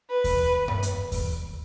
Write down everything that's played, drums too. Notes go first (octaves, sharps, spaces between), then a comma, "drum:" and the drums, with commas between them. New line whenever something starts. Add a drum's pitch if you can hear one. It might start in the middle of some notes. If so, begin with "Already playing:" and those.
B4
drum: kick D#2, open hi-hat
drum: tom G2
drum: hi-hat
drum: kick D#2, open hi-hat